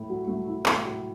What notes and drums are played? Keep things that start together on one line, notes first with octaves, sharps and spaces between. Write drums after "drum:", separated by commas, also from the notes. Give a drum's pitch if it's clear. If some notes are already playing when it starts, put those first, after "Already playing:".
Already playing: A2 A3 E4
F#3
A3
E4
A2, drum: clap
F#3